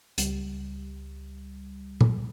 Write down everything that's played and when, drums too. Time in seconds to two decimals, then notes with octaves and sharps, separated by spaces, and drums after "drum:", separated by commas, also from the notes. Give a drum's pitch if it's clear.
0.18 C#2 G3, drum: hi-hat
2.01 drum: tom A#2